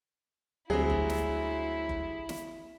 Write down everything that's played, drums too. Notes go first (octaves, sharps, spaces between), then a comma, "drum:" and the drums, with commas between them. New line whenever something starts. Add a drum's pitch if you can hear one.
D2 F#3 G3 C4 E4 G#4
drum: kick F#1
drum: snare
drum: kick F#1
drum: snare